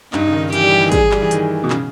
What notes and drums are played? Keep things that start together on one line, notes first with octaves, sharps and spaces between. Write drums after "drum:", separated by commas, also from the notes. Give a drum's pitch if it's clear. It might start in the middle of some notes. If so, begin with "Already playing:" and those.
G2 D#4, drum: clap
C#3
D#3
E3 G4, drum: hi-hat
G3
E3
D#3
G3 G#4, drum: kick, hi-hat
G3, drum: clap
E3
D#3, drum: hi-hat
B2
C#3, drum: clap